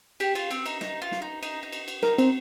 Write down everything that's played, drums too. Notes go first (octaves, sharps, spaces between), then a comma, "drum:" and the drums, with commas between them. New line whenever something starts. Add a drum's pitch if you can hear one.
G4, drum: cymbal
F4, drum: cymbal
C4, drum: cymbal
D#4, drum: cymbal
D#4, drum: snare
F4
drum: snare
D#4
D#4, drum: cymbal
D#4
drum: cymbal
drum: cymbal
D#4 A#4, drum: snare
C4, drum: cymbal